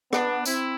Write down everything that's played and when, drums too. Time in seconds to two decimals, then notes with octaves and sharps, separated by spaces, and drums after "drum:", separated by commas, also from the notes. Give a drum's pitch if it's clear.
0.13 B3 D4, drum: rim click
0.45 C4 E4, drum: tambourine